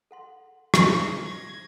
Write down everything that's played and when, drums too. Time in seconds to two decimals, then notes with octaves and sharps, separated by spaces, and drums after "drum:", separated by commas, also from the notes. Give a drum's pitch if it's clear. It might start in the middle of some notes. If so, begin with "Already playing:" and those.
0.11 A4 F#5 C6
0.74 drum: rim click
0.86 E4 C5 C6
1.24 G#6 A#6